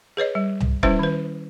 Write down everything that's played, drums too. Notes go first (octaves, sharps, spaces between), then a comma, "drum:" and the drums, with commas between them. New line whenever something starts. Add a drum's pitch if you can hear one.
G#4 B4 C#5 D#5
G3
drum: tom C2
G3 C#4 E4 B4 C5 E5, drum: kick
D#3 B4